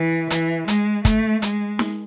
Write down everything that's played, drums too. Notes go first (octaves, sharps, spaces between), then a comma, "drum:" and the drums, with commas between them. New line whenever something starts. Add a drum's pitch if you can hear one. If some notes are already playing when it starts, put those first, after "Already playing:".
Already playing: E3
E3, drum: hi-hat
G#3, drum: hi-hat
A3, drum: kick G1, hi-hat
G#3, drum: hi-hat
drum: snare